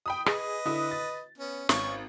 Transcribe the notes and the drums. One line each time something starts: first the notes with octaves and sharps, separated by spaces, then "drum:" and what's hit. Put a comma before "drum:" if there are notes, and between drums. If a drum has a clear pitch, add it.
G5 B5 D#6
G#4 B4 D#5, drum: rim click
D3 E4 D#6
A6
B3 C#4
G#1 B3 C#4 C#6, drum: snare